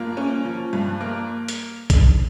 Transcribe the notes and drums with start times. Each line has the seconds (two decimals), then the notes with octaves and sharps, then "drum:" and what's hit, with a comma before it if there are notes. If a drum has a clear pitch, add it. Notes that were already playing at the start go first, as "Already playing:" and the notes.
Already playing: G2 A#3 F4
0.17 C#4
0.45 F3
0.73 G2
1.01 A#3
1.48 drum: hi-hat
1.90 drum: kick, hi-hat